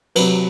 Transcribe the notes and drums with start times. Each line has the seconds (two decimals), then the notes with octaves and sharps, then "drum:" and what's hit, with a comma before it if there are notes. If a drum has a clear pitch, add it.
0.15 C3 F#3 B4, drum: cymbal